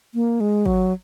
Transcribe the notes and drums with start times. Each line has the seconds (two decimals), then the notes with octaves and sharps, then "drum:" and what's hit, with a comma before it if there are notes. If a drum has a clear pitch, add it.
0.14 A#3
0.40 G#3
0.66 F#3, drum: kick G#1